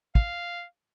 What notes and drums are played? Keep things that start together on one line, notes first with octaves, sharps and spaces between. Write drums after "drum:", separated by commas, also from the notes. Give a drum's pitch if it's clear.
F5, drum: kick